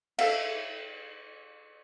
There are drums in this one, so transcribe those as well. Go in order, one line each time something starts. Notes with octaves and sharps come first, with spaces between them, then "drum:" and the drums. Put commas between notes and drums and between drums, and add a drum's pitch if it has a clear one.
A4 E5 F5, drum: cymbal